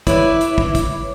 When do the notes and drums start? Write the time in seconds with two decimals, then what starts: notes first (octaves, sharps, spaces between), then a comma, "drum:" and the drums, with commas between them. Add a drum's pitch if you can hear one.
0.07 E4 B4 C#5 D5, drum: kick, hi-hat
0.41 drum: hi-hat
0.58 drum: kick
0.75 drum: kick, hi-hat